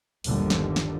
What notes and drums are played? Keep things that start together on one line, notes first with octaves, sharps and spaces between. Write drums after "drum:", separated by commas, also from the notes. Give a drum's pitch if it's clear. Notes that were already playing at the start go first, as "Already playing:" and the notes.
G1 D#2 A#2 D3 F3 G3, drum: open hi-hat
drum: snare
drum: snare